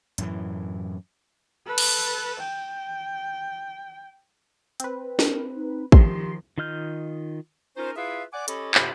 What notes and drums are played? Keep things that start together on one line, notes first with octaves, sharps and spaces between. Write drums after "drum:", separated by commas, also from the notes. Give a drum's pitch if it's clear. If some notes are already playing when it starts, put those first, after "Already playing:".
F#2 A2 E3, drum: hi-hat
A4 B4
drum: cymbal
G5
C4 B4, drum: hi-hat
A#4, drum: snare
D#4
D#3 F3 G4 C6, drum: kick
D#3 F4 D#5 F6 G6
C#4 D#4 F4 A#4 C5
E4 F4 G#4 B4 E5 F5
D5 F#5 G#5 D6
C#4 G4 A4 C#5 D#5 B5, drum: hi-hat
G2 C3 F4 G4 B5, drum: clap